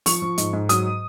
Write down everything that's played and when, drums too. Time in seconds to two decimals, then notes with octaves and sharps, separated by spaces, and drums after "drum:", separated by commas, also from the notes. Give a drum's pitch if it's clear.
0.06 F3 C#6, drum: open hi-hat
0.22 F3
0.38 G#2, drum: hi-hat
0.53 G#2
0.69 F#3 D#6, drum: hi-hat